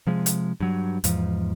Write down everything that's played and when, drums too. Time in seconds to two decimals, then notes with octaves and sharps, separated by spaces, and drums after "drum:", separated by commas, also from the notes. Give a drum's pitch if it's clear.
0.07 C3 F3 G#3
0.26 drum: hi-hat
0.60 G2 F#3
1.04 E2 G#2 F3, drum: hi-hat